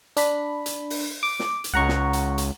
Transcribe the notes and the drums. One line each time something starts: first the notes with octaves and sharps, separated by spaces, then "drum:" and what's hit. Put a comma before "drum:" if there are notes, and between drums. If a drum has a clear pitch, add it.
D4 B5, drum: hi-hat
drum: hi-hat
drum: open hi-hat
D6
drum: snare
drum: hi-hat
C#2 F#5 A#5 C#6
drum: snare
drum: hi-hat
drum: hi-hat